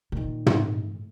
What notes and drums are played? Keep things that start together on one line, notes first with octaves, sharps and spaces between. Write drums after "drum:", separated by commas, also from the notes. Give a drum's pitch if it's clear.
A#2 D#3
drum: tom